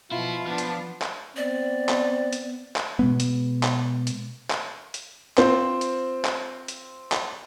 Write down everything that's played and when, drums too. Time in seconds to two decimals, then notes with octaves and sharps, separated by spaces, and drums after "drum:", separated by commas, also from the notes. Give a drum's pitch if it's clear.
0.12 B2 F3 E4 F4
0.47 F3 B3 D4
0.58 drum: hi-hat
1.02 drum: clap
1.36 B3 C4 D5
1.89 drum: clap
2.33 drum: hi-hat
2.76 drum: clap
2.99 B2 G#3 B3
3.20 drum: hi-hat
3.63 drum: clap
4.07 drum: hi-hat
4.50 drum: clap
4.94 drum: hi-hat
5.38 C4 F4 C5, drum: clap
5.81 drum: hi-hat
6.25 drum: clap
6.68 drum: hi-hat
7.12 drum: clap